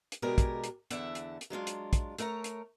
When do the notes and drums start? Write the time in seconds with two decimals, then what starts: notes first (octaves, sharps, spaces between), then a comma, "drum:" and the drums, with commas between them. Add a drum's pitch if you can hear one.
0.12 drum: hi-hat
0.22 B2 G#3 G4 G#4 A#4 D5
0.38 drum: kick, hi-hat
0.64 drum: hi-hat
0.91 E2 D3 D5 E5 F#5, drum: hi-hat
1.15 drum: hi-hat
1.41 drum: hi-hat
1.50 F#3 G#3 D4 F4
1.67 drum: hi-hat
1.93 drum: kick, hi-hat
2.19 A3 A#4 C#5 A#5, drum: hi-hat
2.44 drum: hi-hat